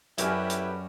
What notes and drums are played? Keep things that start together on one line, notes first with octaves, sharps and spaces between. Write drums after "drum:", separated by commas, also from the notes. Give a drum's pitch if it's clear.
F#2 G3 C#4 E4 F#4 G4 A4 B4, drum: hi-hat
drum: hi-hat